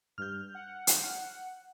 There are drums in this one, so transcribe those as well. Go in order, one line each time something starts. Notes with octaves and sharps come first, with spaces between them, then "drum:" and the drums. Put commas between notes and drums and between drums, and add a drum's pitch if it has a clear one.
G2 F6 G6
F#5
drum: hi-hat